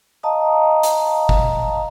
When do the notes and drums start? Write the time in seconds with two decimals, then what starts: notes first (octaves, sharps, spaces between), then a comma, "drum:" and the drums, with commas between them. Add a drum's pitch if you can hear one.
0.23 D#5 F5 A5 A#5 D#6
0.83 drum: hi-hat
1.29 drum: kick